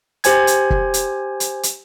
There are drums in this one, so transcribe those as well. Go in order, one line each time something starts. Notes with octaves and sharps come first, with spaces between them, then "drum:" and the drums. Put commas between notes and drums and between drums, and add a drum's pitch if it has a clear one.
G4 C5 G#5 G#6, drum: hi-hat
drum: hi-hat
drum: kick
drum: hi-hat
drum: hi-hat
drum: hi-hat